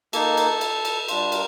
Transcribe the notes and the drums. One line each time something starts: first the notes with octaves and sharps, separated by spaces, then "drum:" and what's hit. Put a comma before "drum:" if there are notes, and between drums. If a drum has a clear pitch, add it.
A#3 D#4 A4, drum: cymbal
drum: cymbal
drum: cymbal
drum: cymbal
G3 D4 F4, drum: cymbal
A#4, drum: cymbal